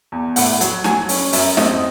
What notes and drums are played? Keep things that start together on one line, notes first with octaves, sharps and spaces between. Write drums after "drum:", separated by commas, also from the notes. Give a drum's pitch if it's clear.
E2
A2 F#5, drum: open hi-hat
F#3, drum: hi-hat
F#3 G#5, drum: snare
C#4, drum: open hi-hat
F#2 E5, drum: open hi-hat
C4 D#5, drum: snare